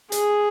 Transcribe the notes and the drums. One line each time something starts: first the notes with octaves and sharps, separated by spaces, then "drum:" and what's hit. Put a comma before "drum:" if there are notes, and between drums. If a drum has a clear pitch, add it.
G#4, drum: hi-hat